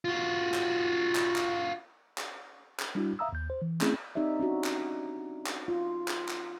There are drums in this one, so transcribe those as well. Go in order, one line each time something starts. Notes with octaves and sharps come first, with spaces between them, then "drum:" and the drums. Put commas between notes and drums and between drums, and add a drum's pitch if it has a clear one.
F4 F#4
drum: clap
drum: clap
drum: clap
drum: clap
drum: clap
G3 D4 E4 F#4
E5 F5 A#5 D#6 E6
D#2 G6
C5
E3
A3 C4 C#4 E4 G#4, drum: clap
C4 D#4 G4 D5 E5
C#4 D4 F#4
drum: clap
drum: clap
F4
drum: clap
drum: clap